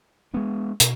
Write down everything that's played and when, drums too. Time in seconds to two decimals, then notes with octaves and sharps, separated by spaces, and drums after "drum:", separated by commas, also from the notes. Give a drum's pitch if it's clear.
0.34 G#3 B3 D4
0.80 B2, drum: hi-hat